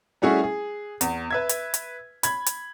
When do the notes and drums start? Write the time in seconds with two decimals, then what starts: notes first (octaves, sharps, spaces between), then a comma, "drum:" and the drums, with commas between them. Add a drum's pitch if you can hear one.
0.22 G3 A3 C#4 E4 F#4 G#4
0.44 G#4
1.01 E2, drum: hi-hat
1.31 B4 E5 G#6
1.49 drum: hi-hat
1.74 drum: hi-hat
2.23 B5 G#6, drum: hi-hat
2.46 drum: hi-hat